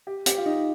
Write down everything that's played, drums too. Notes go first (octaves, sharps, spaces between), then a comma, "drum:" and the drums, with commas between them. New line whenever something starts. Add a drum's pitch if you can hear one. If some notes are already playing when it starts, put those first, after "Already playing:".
G4
G4, drum: hi-hat
F4
D#4